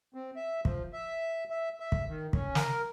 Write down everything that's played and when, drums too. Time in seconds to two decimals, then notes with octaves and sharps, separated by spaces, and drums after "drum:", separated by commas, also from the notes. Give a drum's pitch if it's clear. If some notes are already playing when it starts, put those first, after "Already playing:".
0.14 C4
0.36 E5
0.65 F3, drum: kick
0.93 E5
1.50 E5
1.80 E5
1.92 drum: kick
2.08 D#3
2.33 C#4, drum: kick
2.55 A#4, drum: snare